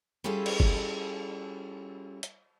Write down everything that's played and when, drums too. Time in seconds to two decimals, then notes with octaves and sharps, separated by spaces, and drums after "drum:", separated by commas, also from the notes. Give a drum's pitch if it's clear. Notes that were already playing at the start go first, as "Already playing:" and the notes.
0.24 G3 C#4 E4 F4 G#4 A4
0.46 drum: cymbal
0.60 drum: kick G1
2.23 drum: hi-hat